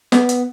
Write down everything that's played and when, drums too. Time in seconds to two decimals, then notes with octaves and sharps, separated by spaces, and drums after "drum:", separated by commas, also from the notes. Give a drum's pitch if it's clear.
0.12 B3, drum: snare
0.29 drum: hi-hat